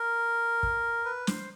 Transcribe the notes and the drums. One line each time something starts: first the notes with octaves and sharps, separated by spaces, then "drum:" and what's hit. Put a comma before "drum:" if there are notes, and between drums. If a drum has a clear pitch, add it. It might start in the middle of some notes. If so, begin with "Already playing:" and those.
Already playing: A#4
drum: kick
B4
C5, drum: snare